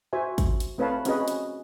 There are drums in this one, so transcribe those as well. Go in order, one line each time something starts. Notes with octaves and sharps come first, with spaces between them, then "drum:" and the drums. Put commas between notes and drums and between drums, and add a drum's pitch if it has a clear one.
F#4 C5 E5 G#5
drum: kick G#1, hi-hat
drum: hi-hat
A3 C4 B4 C#5 F5 A5
C4 C#4 F#4 G#4 B4 D#5, drum: hi-hat
drum: hi-hat